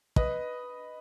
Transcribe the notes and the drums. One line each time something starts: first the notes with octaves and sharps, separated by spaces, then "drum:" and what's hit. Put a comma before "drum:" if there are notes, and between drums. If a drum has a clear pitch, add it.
B4 D#5, drum: kick